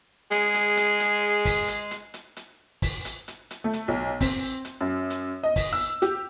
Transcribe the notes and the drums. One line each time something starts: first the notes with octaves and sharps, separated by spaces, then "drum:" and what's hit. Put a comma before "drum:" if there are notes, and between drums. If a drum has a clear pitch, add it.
G#3 G#4, drum: hi-hat
drum: hi-hat
drum: hi-hat
drum: hi-hat
drum: kick, open hi-hat
drum: hi-hat
drum: hi-hat
drum: hi-hat
drum: hi-hat
drum: kick, open hi-hat
drum: hi-hat
drum: hi-hat
drum: hi-hat
A3
drum: hi-hat
B1
C4, drum: kick, open hi-hat
drum: hi-hat
F#2
drum: hi-hat
D#5
drum: kick, open hi-hat
E6
G4, drum: hi-hat